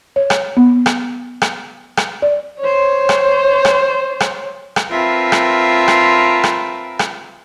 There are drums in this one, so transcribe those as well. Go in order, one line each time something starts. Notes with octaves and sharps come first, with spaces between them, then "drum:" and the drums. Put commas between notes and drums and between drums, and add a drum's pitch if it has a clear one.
C#5
drum: rim click
B3
drum: rim click
drum: rim click
drum: rim click
D5
C5 C#5
drum: rim click
drum: rim click
drum: rim click
drum: rim click
C4 F4 A#4 B4 E5 A5
drum: rim click
drum: rim click
drum: rim click
drum: rim click